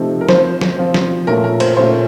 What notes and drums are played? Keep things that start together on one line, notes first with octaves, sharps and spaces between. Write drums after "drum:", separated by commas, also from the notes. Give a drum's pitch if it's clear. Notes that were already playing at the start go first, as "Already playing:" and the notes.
Already playing: C3 F3 A3 C4 D#4
A#4
F3 C4 F4 C5, drum: snare
drum: snare
F3 C4 F4
drum: snare
A#2 A3 C#4 F4 A#4
A#4
C5, drum: cymbal
A#2 A3 C#4 F4 C5